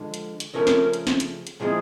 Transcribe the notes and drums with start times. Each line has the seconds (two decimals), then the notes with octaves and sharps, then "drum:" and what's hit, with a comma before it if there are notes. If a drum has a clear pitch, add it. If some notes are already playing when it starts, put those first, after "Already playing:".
Already playing: D3 F3 G#3
0.14 drum: hi-hat
0.40 drum: hi-hat
0.54 C#3 F3 A3 C#4 A#4
0.67 drum: snare
0.93 drum: hi-hat
1.07 drum: snare
1.20 drum: hi-hat
1.47 drum: hi-hat
1.60 A#2 F3 G#3 C4 E4 G#4